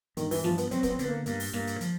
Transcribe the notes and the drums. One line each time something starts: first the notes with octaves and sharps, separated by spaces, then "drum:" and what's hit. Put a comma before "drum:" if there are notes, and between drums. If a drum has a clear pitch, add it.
G2 D#3, drum: hi-hat
E3, drum: open hi-hat
G2 F3, drum: snare
B3, drum: hi-hat
F#3 C4, drum: hi-hat
B3, drum: kick, hi-hat
C4
D3 B3, drum: hi-hat
A#3
G2 A#3, drum: hi-hat
drum: open hi-hat
G2 A#3, drum: snare
drum: hi-hat
F3, drum: hi-hat